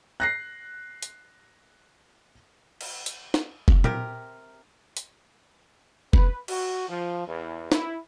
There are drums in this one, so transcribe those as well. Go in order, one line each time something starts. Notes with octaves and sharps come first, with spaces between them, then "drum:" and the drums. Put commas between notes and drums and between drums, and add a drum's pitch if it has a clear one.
F#6 A#6 C7
drum: hi-hat
drum: cymbal
drum: hi-hat
drum: snare
drum: kick F1
C3 G4 A#4, drum: tom A#2
drum: hi-hat
B4, drum: kick F1
F#4, drum: cymbal
F3
E2
E4, drum: snare